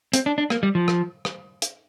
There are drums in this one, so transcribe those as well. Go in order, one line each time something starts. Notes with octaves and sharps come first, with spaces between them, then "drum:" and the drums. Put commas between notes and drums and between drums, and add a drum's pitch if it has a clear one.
C4, drum: hi-hat
D4
D4
A#3, drum: rim click
G3
F3
drum: rim click
drum: rim click
drum: hi-hat